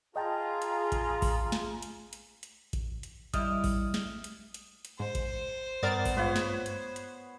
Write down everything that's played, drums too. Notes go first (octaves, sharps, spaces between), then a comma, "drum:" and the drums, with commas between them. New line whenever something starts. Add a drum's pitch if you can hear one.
F4 G#4 D#5 G5 A5 A#5
drum: hi-hat
drum: kick A1, hi-hat
drum: kick A1, open hi-hat
drum: snare
drum: hi-hat
drum: hi-hat
drum: hi-hat
drum: kick A1, hi-hat
drum: hi-hat
G3 E4 D#5 D#6 F6, drum: kick A1, hi-hat
drum: kick A1, open hi-hat
drum: snare
drum: hi-hat
drum: hi-hat
drum: hi-hat
G#2 C5
drum: kick A1, hi-hat
G2 B3 A#4 D5 A6
drum: kick A1, open hi-hat
G#2 F4 B4 C#5
drum: snare
drum: hi-hat
drum: hi-hat